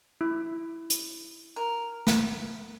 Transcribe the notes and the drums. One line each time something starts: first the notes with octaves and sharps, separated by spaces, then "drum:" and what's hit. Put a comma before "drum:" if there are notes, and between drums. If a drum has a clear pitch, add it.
E4
drum: hi-hat
A#4
drum: snare